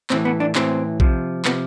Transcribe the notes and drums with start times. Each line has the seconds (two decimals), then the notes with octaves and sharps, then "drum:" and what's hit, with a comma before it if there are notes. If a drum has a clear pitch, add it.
0.10 A2 E3 C4, drum: clap
0.25 B3
0.40 D4
0.55 A2 E3 C4, drum: clap
1.00 C3 F3, drum: kick
1.45 C3 F3 B3, drum: clap